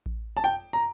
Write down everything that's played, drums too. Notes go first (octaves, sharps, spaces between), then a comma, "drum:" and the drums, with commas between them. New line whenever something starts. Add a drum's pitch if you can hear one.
drum: kick A1
A5
G5
A#5